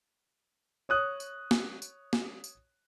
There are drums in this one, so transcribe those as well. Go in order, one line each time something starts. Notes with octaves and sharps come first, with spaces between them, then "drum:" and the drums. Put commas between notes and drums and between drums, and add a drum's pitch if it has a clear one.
C#5 D#6 F#6
drum: tambourine
drum: snare
drum: tambourine
drum: snare
drum: tambourine